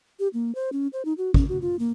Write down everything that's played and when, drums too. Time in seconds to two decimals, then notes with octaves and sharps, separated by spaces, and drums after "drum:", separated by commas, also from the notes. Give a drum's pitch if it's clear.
0.19 G4
0.34 A#3
0.55 C5
0.72 C#4
0.93 C5
1.05 D#4
1.18 F#4
1.34 C#4, drum: kick
1.49 F#4
1.61 F4
1.79 A#3